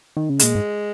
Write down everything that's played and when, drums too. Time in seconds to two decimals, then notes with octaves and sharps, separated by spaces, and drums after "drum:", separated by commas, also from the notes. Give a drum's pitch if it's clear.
0.17 D#3
0.30 C#3
0.39 A#2 G#3, drum: hi-hat
0.55 G#2